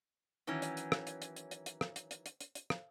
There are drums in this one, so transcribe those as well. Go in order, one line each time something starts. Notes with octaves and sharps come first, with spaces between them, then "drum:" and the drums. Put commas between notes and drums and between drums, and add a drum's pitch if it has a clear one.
D#3 E3 F#3 C#4
drum: hi-hat
drum: hi-hat
drum: rim click
drum: hi-hat
drum: hi-hat
drum: hi-hat
drum: hi-hat
drum: hi-hat
drum: rim click
drum: hi-hat
drum: hi-hat
drum: hi-hat
drum: hi-hat
drum: hi-hat
drum: rim click